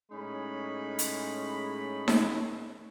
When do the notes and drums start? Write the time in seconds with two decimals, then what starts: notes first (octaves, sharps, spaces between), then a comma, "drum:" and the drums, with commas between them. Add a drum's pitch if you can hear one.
0.12 A2 G#3 C#4 D#4 C#5 B5
0.99 drum: hi-hat
2.08 drum: snare D#4